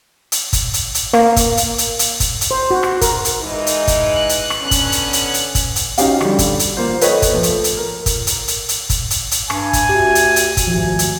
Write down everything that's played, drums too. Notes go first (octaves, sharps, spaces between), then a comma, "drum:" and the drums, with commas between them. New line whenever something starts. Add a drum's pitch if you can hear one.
drum: hi-hat
drum: kick, hi-hat
drum: hi-hat
drum: hi-hat
A#3, drum: rim click
drum: kick, hi-hat
drum: hi-hat
drum: hi-hat
drum: hi-hat
drum: kick, hi-hat
drum: hi-hat
C5
F#4
drum: rim click
A#4, drum: kick, hi-hat
drum: hi-hat
E3 G#3 D#4
drum: hi-hat
drum: kick, hi-hat
F#6
drum: hi-hat
drum: rim click
D3 B3 C#4
drum: kick, hi-hat
drum: hi-hat
drum: hi-hat
drum: hi-hat
drum: kick, hi-hat
drum: hi-hat
C#4 D#4 F#4 G4 F5, drum: hi-hat
D3 G3, drum: rim click
drum: kick, hi-hat
drum: hi-hat
A#3 F4 C5
A4 B4 C#5 D#5 G5, drum: hi-hat
drum: kick, hi-hat
F3 A3
drum: hi-hat
drum: hi-hat
A#4
drum: kick, hi-hat
drum: hi-hat
drum: hi-hat
drum: hi-hat
drum: kick, hi-hat
drum: hi-hat
drum: hi-hat
G2 G#5, drum: rim click
drum: kick, hi-hat
D2 G4
drum: hi-hat
drum: hi-hat
drum: kick, hi-hat
G#1 D2 F3
drum: hi-hat